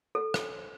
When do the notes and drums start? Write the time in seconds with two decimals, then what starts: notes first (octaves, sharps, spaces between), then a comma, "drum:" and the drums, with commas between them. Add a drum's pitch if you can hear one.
0.15 A4
0.34 drum: rim click